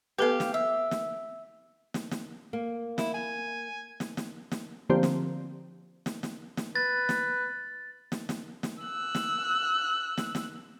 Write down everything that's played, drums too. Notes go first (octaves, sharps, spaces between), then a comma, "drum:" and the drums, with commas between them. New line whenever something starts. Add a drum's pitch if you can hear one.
B3 G4 A4 B4 F5
drum: snare
E5
drum: snare
drum: snare
drum: snare
A#3
E4, drum: snare
G#5
drum: snare
drum: snare
drum: snare
D3 F3 A#3 C4 G4 C5
drum: snare
drum: snare
drum: snare
drum: snare
B4 A6
drum: snare
drum: snare
drum: snare
drum: snare
E6 F#6
drum: snare
drum: snare
drum: snare